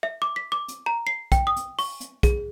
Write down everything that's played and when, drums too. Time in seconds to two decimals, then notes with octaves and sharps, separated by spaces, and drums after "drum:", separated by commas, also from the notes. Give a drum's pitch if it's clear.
0.03 E5
0.22 D6
0.36 B6
0.52 D6
0.68 drum: hi-hat
0.86 A#5
1.07 C7
1.32 G5, drum: kick, hi-hat
1.47 D#6
1.57 drum: hi-hat
1.79 C#6, drum: open hi-hat
2.01 drum: hi-hat
2.23 G#4, drum: kick, hi-hat